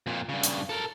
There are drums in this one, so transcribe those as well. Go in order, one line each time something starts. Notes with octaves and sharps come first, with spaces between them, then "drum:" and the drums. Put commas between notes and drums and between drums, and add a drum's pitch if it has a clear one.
F2 A#2
G2 C#3
drum: hi-hat
A4 A#4